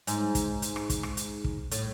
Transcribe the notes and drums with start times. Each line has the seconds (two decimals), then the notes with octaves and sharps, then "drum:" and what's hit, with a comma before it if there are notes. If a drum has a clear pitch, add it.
0.07 G#2, drum: hi-hat
0.35 drum: kick, hi-hat
0.62 drum: hi-hat
0.76 drum: rim click
0.90 drum: kick, hi-hat
1.03 drum: rim click
1.17 drum: hi-hat
1.44 drum: kick
1.71 A2, drum: hi-hat